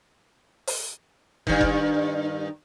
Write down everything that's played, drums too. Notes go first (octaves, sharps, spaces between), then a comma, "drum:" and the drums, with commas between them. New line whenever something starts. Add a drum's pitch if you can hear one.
drum: open hi-hat
G2 D#3, drum: kick
drum: kick